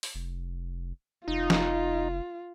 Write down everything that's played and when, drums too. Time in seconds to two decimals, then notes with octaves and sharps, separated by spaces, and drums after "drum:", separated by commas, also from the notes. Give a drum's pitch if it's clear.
0.03 drum: open hi-hat
0.15 F1
1.28 F1 D#4 F4
1.50 drum: snare